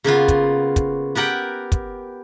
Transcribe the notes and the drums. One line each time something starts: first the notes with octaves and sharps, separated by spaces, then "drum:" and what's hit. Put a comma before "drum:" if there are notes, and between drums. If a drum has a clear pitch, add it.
C#3 A#3 B3 F4
drum: kick, hi-hat
drum: kick, hi-hat
B3 G4 A#4 F#5 G5
drum: kick, hi-hat